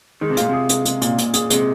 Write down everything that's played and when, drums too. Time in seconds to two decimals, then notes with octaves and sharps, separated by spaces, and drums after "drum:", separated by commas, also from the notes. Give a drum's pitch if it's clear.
0.21 D#3 G#3
0.30 C3
0.37 A#2 F4, drum: hi-hat
0.49 C3 G#4
0.69 G#3, drum: hi-hat
0.85 G#3, drum: hi-hat
1.02 A#2, drum: hi-hat
1.18 A#2, drum: hi-hat
1.34 G#4, drum: hi-hat
1.50 C3 G#3, drum: hi-hat